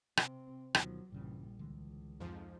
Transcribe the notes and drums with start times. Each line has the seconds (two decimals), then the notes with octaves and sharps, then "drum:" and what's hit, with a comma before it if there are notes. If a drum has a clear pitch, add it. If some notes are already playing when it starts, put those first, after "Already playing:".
0.17 C3 C4, drum: rim click
0.75 D2 B2 D#3 F3 F#3, drum: rim click
1.12 A#1 G2 C#3 E3 G3
1.59 C#2 D3 E3 G#3
2.20 F2 G#2 F3